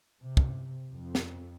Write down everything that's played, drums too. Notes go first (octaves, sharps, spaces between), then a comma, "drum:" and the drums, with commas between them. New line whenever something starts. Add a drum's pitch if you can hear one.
C3
drum: kick
F2
drum: snare